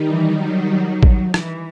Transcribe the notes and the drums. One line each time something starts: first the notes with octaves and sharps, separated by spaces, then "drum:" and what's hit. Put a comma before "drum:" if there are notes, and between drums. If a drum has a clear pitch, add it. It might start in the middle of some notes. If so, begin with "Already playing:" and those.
Already playing: D#3 G3 D#4
E3
F#3
drum: kick A1
E3, drum: rim click